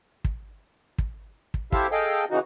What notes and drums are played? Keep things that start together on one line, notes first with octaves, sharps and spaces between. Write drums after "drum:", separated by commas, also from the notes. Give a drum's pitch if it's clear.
drum: kick
drum: kick
drum: kick
E4 G4 A4 C5 E5 F5, drum: kick
G#4 A4 D#5 F5 G5
C#3 E3 D#4 F#4